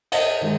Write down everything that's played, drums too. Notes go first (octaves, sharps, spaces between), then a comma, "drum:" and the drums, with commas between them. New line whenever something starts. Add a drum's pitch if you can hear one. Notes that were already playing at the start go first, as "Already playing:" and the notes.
D#5, drum: cymbal
D#3 G#3